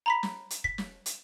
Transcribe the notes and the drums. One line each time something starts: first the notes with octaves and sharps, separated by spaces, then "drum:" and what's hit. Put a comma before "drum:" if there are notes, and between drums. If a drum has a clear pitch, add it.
A#5 B5 B6
drum: snare
drum: hi-hat
B6, drum: kick
drum: snare
drum: hi-hat